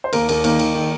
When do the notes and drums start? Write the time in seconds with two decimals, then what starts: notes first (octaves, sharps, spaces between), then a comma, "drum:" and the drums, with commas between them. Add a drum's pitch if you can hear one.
0.04 C5
0.13 D#2 A#3 A#4, drum: cymbal
0.29 D#2 A#3 A#4, drum: cymbal
0.44 D#3 A#3 A#4, drum: cymbal
0.59 D#3, drum: cymbal
0.75 D#3